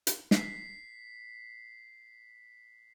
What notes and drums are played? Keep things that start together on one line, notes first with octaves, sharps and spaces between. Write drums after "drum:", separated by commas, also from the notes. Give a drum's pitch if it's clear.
drum: hi-hat
B6 C7, drum: snare